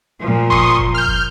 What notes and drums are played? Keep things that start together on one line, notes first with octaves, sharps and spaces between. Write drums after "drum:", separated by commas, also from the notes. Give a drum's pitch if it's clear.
A#2 F3
C6 C#6 D#6, drum: kick F#1
drum: kick F#1
F6 G6
drum: kick F#1